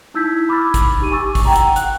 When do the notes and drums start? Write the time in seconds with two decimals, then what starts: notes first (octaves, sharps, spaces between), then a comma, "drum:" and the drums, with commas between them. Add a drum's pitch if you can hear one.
0.14 D#4 E4 E6 G6 G#6 B6
0.49 B5 D6 E6 F6 G#6 A6
0.74 drum: kick, hi-hat
1.00 D#4 G4 D#7
1.11 G#5 C#6 D6 E6 A6
1.35 drum: kick, open hi-hat
1.45 F#5 G5 A#5
1.56 drum: hi-hat
1.76 F#5 F#6, drum: hi-hat